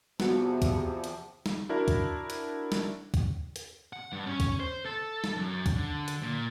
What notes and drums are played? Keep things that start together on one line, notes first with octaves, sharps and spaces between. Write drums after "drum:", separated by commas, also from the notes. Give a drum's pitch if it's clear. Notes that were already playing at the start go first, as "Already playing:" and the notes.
E2 C3 F3 B3 F#4, drum: snare
drum: kick, hi-hat
drum: hi-hat
drum: snare
D4 E4 F#4 A#4
drum: kick, hi-hat
drum: hi-hat
drum: snare
drum: kick, hi-hat
drum: hi-hat
F#5
G2
C#4
drum: kick, hi-hat
C5
A4
drum: snare
F#2
drum: kick, hi-hat
D3
drum: hi-hat
A#2